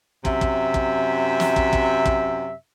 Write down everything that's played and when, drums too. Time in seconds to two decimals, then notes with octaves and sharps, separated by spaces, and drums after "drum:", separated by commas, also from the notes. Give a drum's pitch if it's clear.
0.25 F#2 C3 E5, drum: kick
0.41 drum: kick
0.74 drum: kick
1.40 drum: snare
1.56 drum: kick
1.73 drum: kick
2.06 drum: kick